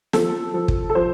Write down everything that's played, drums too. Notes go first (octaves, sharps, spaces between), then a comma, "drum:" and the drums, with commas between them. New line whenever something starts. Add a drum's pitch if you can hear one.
F3 A4, drum: snare
F3
drum: kick
A4
F3 C5